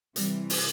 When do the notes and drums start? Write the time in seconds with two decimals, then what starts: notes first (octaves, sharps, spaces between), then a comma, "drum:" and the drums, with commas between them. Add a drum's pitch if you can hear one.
0.16 C3 E3 G3, drum: hi-hat
0.50 drum: open hi-hat